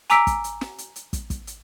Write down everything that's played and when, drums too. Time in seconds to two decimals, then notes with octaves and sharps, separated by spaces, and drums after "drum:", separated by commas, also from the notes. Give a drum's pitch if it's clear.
0.10 G#5 A#5 D6 E6 B6 D7, drum: hi-hat
0.27 drum: kick, hi-hat
0.44 drum: hi-hat
0.61 drum: snare
0.78 drum: hi-hat
0.96 drum: hi-hat
1.13 drum: kick, hi-hat
1.30 drum: kick, hi-hat
1.47 drum: hi-hat